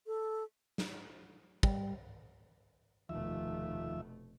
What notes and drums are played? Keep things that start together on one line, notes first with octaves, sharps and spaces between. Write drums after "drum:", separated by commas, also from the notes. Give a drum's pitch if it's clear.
A4
drum: snare
G3, drum: kick
F1 D#2 B2 F3 A3 E5